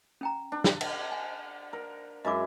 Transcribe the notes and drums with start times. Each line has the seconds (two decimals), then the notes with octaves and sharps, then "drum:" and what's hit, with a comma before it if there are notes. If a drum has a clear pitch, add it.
0.21 C#4 G5 A#5
0.52 D4
0.64 drum: snare
0.81 drum: cymbal
1.11 G#5
1.73 A#4
2.25 F#2 G#3 E4 D#5 D6